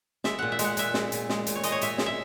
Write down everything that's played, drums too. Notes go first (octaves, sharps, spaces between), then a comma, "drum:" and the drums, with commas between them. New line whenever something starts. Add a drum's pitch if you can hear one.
G#3 E5, drum: snare
A#2 F#5
E5
G#3, drum: hi-hat
F#5
A#2 E5, drum: hi-hat
G#3, drum: snare
A#2, drum: hi-hat
G#3, drum: snare
A#2, drum: hi-hat
C#5
G#3 D#5, drum: hi-hat
C#5
A#2 E5, drum: hi-hat
G#3, drum: snare
E5